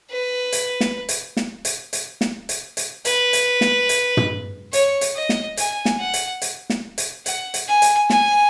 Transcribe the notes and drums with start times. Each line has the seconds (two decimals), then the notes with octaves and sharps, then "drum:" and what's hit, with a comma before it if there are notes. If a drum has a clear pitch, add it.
0.10 B4
0.52 drum: hi-hat
0.81 drum: snare
1.09 drum: hi-hat
1.37 drum: snare
1.65 drum: hi-hat
1.93 drum: hi-hat
2.21 drum: snare
2.49 drum: hi-hat
2.77 drum: hi-hat
3.05 B4, drum: hi-hat
3.33 drum: hi-hat
3.61 drum: snare
3.89 drum: hi-hat
4.17 drum: tom
4.73 C#5, drum: hi-hat
5.01 drum: hi-hat
5.15 D#5
5.29 drum: snare
5.57 G#5, drum: hi-hat
5.85 drum: snare
5.99 F#5
6.13 drum: hi-hat
6.42 drum: hi-hat
6.70 drum: snare
6.98 drum: hi-hat
7.26 F#5, drum: hi-hat
7.54 drum: hi-hat
7.68 G#5
7.82 drum: hi-hat
8.10 G#5, drum: snare